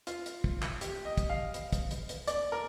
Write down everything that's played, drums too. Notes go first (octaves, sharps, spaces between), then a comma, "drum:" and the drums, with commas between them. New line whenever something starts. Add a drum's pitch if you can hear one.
F4, drum: hi-hat
drum: hi-hat
drum: kick
drum: clap
G4, drum: hi-hat
D#5
drum: kick, hi-hat
F5
drum: hi-hat
drum: kick, hi-hat
drum: hi-hat
drum: hi-hat
D5, drum: hi-hat
A#4